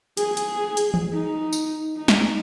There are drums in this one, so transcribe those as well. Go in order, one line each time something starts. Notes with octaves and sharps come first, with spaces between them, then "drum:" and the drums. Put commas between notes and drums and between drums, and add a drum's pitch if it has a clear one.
G#4, drum: hi-hat
drum: hi-hat
drum: hi-hat
drum: tom E3
D#4
drum: tambourine
D#4
drum: snare